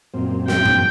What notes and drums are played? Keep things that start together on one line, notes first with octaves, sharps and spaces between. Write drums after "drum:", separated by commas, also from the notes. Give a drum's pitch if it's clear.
F#2 A#2 C4
G5, drum: snare
drum: tom G2